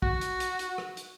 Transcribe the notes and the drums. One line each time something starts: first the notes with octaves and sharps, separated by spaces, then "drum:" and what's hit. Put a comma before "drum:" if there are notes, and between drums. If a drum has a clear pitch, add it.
F#4, drum: kick
drum: hi-hat
drum: hi-hat
drum: hi-hat
drum: rim click
drum: hi-hat